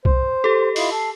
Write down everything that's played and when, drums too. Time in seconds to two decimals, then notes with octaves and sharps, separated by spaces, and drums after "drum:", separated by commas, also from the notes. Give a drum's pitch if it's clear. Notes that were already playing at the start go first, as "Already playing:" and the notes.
0.05 C5, drum: kick C2
0.44 G4 A4
0.76 E4 F4 D#5 C7, drum: open hi-hat
0.91 A4